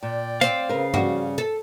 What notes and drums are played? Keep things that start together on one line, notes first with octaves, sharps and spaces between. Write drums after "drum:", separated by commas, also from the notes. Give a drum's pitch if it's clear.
A#2 D5 G5
C4 F5, drum: hi-hat
C#3 A#4 B4
G3 C#4 F#4, drum: tom G2
A4